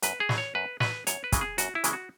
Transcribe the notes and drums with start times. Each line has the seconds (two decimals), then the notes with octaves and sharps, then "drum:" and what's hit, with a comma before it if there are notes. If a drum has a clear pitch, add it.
0.02 F#2 B4, drum: hi-hat
0.20 G#4
0.29 F#3, drum: snare
0.38 C#5
0.55 F#2 B4
0.80 F#3 B4, drum: snare
1.07 F#2 C#5, drum: hi-hat
1.24 B4
1.32 C#3 E3 G#3, drum: kick, hi-hat
1.41 G#4
1.58 F#2 F#4, drum: hi-hat
1.75 E4
1.84 C#3 E3 G#3, drum: hi-hat
1.93 F#4